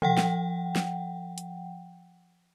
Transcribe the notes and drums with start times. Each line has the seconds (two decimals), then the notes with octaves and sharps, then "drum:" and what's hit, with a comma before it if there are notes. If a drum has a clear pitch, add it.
0.02 F3 F#5 G5, drum: tom
0.17 drum: snare
0.76 drum: snare
1.38 drum: hi-hat